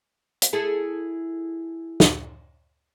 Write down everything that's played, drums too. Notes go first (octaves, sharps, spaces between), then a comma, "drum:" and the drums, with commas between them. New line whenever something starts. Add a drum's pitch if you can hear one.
drum: hi-hat
E4 G#4 A4
drum: snare